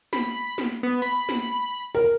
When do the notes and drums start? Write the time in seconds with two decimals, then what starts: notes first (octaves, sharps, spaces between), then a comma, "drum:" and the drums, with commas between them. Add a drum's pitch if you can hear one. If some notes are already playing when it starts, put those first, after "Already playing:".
0.13 B5, drum: snare
0.58 drum: snare
0.83 B3
1.02 B5, drum: hi-hat
1.29 drum: snare
1.95 A#4, drum: open hi-hat